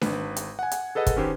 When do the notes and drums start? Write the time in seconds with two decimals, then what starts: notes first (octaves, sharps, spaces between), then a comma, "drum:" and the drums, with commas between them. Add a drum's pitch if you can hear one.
0.01 G#1 B4, drum: snare D4
0.36 drum: hi-hat
0.59 F#5 G#5
0.71 drum: hi-hat
0.95 G#4 A4 B4 D#5 F#5
1.07 drum: kick, hi-hat
1.16 D#3 C#4 G4 B4 C5